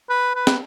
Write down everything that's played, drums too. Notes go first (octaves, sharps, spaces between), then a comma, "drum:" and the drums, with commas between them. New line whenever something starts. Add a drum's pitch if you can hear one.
B4
B4
drum: snare